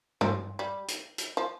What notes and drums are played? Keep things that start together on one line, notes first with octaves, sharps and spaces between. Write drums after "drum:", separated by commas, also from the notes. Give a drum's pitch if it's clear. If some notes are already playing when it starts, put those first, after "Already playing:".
F3, drum: tom
G3
drum: hi-hat
drum: hi-hat
F3